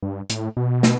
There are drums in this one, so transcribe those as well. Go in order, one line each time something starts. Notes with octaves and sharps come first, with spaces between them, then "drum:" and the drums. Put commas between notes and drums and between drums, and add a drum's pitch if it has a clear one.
G2
A2, drum: hi-hat
B2
drum: snare